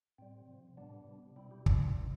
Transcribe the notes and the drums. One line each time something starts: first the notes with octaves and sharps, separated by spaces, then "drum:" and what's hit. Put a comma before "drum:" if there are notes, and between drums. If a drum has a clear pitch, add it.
A2 G3 C4
C3 F3
A2 G3 B3 D4
C3 G3
B2 G3 C4 E4
E4 G4
C3 G3 D4 F4, drum: kick
A2 E3 G3